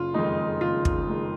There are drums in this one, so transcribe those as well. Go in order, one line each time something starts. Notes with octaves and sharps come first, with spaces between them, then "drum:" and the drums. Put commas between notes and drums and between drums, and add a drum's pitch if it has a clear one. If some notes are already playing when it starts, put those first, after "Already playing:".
Already playing: F#1 F4
F2 D#3 G#3 D#4
F#1 F4
drum: kick
D#3 G#3